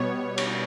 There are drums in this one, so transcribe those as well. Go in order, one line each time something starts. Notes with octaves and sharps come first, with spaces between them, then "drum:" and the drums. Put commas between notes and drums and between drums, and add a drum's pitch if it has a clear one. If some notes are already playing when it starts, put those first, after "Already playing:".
Already playing: B2 G3 B3 C#5
drum: cymbal